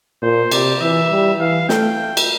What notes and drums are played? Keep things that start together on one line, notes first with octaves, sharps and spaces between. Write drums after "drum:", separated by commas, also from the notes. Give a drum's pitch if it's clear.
A#2 C5
C3 D5, drum: cymbal
E3 E5
G3
E3 F5
A3 G5, drum: snare
drum: cymbal